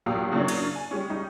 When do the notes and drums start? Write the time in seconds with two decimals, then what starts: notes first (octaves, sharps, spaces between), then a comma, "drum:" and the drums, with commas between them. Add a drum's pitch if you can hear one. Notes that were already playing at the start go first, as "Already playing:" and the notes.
0.06 A#1 F#3 A#3 G4 F5 D#6
0.32 C#3 F#3 A#3 C#4 D4 E4
0.48 drum: cymbal
0.58 D4
0.76 G#5
0.91 G3 G#3 C#4
1.10 G3 D#4